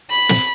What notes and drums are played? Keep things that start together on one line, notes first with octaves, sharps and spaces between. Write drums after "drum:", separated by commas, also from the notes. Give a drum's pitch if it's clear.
B5
drum: snare